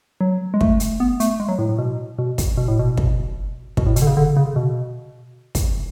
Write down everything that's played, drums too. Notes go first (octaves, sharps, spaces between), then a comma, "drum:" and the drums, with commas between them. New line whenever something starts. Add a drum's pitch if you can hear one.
F#3
G#3
A3, drum: kick
drum: hi-hat
B3
A3, drum: hi-hat
G#3
F#3
A2
A2
B2
B2
drum: kick, hi-hat
B2
A2
B2
drum: kick
B2, drum: kick
A2
B2, drum: hi-hat
D3
C#3
D3
C#3
B2
drum: kick, hi-hat